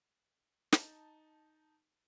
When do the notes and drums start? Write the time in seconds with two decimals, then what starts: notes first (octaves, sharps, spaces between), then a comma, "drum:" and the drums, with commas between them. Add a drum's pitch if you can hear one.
0.72 D#4 A5, drum: snare